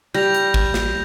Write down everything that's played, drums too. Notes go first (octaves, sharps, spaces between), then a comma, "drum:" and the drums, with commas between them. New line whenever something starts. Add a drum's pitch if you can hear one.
G3 G6 A#6 F7
drum: hi-hat
drum: kick
drum: snare